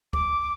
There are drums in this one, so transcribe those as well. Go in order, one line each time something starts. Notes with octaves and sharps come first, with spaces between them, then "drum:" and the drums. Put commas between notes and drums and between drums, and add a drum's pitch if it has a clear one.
D6, drum: kick